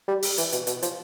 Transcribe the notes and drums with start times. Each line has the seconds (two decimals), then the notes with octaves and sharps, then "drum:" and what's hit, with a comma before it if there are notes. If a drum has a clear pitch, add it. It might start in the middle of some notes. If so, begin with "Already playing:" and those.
0.08 G3
0.22 drum: open hi-hat
0.38 E3, drum: hi-hat
0.52 B2, drum: hi-hat
0.67 B2, drum: hi-hat
0.83 F3, drum: hi-hat